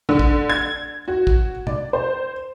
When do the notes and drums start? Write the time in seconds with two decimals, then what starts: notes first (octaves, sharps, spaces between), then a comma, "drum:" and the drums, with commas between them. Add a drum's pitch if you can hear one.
0.09 D3
0.19 drum: kick
0.49 G#6
1.08 F#4
1.27 drum: kick
1.67 D5, drum: tom
1.93 C5